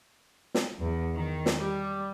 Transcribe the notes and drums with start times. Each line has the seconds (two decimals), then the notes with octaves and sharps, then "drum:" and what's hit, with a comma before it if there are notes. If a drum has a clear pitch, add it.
0.54 drum: snare
0.77 E2
1.15 D#3
1.46 drum: snare
1.57 G3